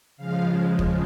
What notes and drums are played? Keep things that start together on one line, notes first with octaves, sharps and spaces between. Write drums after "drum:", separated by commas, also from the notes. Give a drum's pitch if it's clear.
C#3 F3 G#3 F5
drum: kick